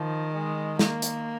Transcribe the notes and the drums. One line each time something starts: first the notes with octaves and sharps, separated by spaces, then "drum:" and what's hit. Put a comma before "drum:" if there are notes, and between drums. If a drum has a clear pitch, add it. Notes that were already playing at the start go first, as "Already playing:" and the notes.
Already playing: D#3 F3
G#3
A#3, drum: snare
drum: hi-hat